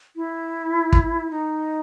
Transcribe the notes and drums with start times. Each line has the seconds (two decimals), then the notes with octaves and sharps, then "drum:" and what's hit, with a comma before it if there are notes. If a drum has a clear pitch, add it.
0.16 E4
0.93 drum: kick
1.31 D#4